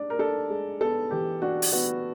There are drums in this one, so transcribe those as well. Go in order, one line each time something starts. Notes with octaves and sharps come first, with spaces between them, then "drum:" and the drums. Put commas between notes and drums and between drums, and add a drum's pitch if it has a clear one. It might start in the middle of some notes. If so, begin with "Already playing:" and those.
Already playing: G#3 D4 D5
A#4
D4 A4
G#3
B3 A4
E3 G4
D4 F#4
drum: open hi-hat
B3 F#4